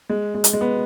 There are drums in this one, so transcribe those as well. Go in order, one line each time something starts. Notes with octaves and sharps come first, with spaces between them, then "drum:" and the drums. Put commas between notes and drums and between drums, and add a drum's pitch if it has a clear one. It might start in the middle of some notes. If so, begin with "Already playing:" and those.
G#3
G#3
drum: hi-hat
G#3
B3